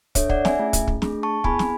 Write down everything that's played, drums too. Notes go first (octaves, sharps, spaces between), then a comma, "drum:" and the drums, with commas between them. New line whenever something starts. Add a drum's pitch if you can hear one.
D4 A4 C#5 E5, drum: kick, hi-hat
D5 F#5, drum: kick
E5 G#5, drum: snare
A3 C#4 E4 G#4
drum: kick, hi-hat
drum: kick
A3 D4 G#4, drum: snare
A5 C#6
B3 E4 G#4 G#5 B5, drum: kick
drum: snare